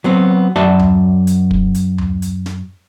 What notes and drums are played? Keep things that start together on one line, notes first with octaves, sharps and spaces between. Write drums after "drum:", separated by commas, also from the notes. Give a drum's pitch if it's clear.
F#3 B3 C4
F#2 F#4 D5 E5 A5
drum: tom D2
drum: hi-hat
drum: kick
drum: hi-hat
drum: tom D2
drum: hi-hat
drum: snare